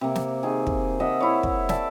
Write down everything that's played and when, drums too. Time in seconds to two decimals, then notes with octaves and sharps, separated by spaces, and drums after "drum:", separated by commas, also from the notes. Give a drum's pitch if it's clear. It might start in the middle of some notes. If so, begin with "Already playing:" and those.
0.01 C3 A#3
0.15 drum: snare
0.43 D#3 G#4
0.67 drum: kick
1.00 D#5 E5 F#5
1.20 E4 C#5
1.43 drum: kick
1.69 D5 E5 A5, drum: snare